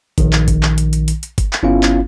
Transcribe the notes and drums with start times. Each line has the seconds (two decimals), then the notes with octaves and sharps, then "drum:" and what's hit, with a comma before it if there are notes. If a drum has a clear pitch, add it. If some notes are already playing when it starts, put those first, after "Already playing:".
0.18 A#1 D#3, drum: kick G1, hi-hat
0.33 drum: clap
0.48 drum: kick G1, hi-hat
0.63 drum: clap
0.78 drum: hi-hat
0.93 drum: hi-hat
1.08 drum: hi-hat
1.23 drum: hi-hat
1.38 drum: kick G1, hi-hat
1.53 drum: clap
1.63 G1 B3 C#4 E4 F4 F5
1.83 drum: clap